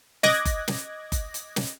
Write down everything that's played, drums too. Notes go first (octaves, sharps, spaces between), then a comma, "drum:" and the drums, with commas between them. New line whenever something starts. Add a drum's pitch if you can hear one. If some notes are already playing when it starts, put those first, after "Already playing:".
D#5 D6 F#6 G#6 A#6, drum: snare
drum: kick F#1, hi-hat
drum: snare
drum: kick F#1, hi-hat
drum: hi-hat
drum: snare